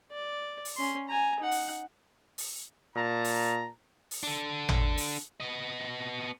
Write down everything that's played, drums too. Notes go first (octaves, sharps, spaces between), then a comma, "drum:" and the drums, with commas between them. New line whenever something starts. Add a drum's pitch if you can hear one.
D5
drum: open hi-hat
C#4 C6
G#5 A#5
D#4 F#5
drum: open hi-hat
drum: open hi-hat
A#2 A5 A#5
drum: open hi-hat
drum: open hi-hat
D4 A4
drum: tom
drum: open hi-hat
B3 D#5